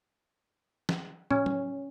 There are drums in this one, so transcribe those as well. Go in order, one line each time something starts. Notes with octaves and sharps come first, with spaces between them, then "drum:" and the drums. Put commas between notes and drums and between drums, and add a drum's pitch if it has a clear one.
drum: snare
C#4, drum: tom
drum: tom F#3